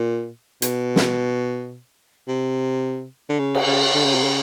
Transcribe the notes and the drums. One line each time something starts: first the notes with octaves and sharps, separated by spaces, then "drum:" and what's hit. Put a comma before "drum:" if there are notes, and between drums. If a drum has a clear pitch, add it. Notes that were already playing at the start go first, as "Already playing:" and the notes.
Already playing: A#2
B2, drum: hi-hat
drum: snare
C3
D3
C#3
drum: cymbal
C#3
D3
C#3
C3
C#3